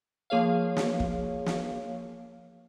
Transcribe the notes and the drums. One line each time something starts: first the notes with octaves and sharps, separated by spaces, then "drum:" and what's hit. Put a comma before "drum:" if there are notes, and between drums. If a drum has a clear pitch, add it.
F3 A#3 G#4 C#5 F5
drum: snare
drum: kick
drum: snare